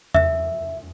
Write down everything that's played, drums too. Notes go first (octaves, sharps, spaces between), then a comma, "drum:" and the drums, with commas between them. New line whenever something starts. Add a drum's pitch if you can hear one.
E5, drum: tom E2